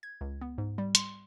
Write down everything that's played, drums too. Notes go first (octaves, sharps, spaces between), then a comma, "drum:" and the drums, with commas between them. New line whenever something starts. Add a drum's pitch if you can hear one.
G#6
C#2
B3
G#2
G3
C6, drum: hi-hat